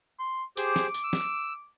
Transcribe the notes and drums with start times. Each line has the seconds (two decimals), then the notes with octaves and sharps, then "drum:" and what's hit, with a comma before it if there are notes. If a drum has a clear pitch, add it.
0.19 C6
0.57 G4 G#4 C5 D6, drum: tambourine
0.76 drum: snare
0.94 drum: tambourine
1.04 E6
1.13 drum: snare